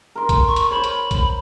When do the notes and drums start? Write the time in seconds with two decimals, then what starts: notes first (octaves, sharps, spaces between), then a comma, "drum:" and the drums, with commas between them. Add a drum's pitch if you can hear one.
0.16 A#4 C6
0.29 drum: kick A#1, hi-hat
0.47 C#6
0.56 drum: hi-hat
0.70 C5 C#5 B5
0.84 drum: hi-hat
1.11 drum: kick A#1, hi-hat